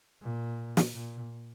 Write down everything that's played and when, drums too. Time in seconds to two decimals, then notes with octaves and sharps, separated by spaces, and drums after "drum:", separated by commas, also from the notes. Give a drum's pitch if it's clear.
0.22 A#2
0.77 drum: snare
0.94 A#2